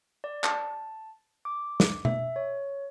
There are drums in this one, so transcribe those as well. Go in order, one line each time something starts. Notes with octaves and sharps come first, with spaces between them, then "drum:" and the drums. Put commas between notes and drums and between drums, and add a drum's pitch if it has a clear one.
D5
A5, drum: clap
D6
drum: snare
E5, drum: tom B2
C#5